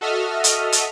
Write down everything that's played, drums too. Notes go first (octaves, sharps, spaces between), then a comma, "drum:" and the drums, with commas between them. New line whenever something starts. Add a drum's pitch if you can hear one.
F#4 A4 D#5 E5 D#6 F6
drum: hi-hat
drum: hi-hat